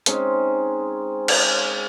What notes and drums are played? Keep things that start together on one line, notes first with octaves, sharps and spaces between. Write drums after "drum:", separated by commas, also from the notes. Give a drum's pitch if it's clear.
G#3 C4 C#4 D#4, drum: hi-hat
drum: cymbal